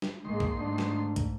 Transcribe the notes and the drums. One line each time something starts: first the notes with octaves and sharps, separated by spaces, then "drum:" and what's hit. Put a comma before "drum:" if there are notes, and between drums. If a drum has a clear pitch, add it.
drum: snare
G#1 D#3 G#3 A#3 C6
drum: kick
G#2 A3 D4
drum: snare
drum: kick, hi-hat